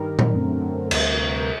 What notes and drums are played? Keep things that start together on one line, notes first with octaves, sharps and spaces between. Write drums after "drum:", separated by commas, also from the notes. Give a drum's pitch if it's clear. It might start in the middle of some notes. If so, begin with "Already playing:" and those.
Already playing: G2 D#3 G3 A#4
drum: tom A#2
F#2 D3 F#3 A3 C4
A4
D2 C3 G3 A#4, drum: cymbal
A#4